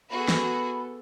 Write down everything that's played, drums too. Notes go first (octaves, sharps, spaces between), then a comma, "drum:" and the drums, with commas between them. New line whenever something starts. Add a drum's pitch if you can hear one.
B3 F#4 G#4 A4 B5
drum: snare